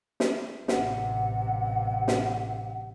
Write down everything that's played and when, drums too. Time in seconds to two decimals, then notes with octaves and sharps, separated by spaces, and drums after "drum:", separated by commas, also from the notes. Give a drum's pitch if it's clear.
0.20 drum: snare
0.68 A1 C3 F#5, drum: snare
2.08 drum: snare